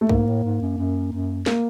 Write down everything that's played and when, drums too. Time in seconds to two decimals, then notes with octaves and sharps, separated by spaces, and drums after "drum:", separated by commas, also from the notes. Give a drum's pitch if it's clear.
0.01 A3
0.09 G#2 A#3, drum: kick B1
0.27 A2
0.43 G#2
0.61 F#2
0.77 F#2
1.12 F#2
1.46 A#3, drum: snare